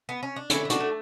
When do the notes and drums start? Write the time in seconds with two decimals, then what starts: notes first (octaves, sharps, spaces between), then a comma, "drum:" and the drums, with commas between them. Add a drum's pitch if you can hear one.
0.09 B3
0.23 C#4
0.36 D4
0.50 D3 C#4 E4, drum: hi-hat
0.65 A3
0.70 D4 F#4, drum: hi-hat
0.80 A3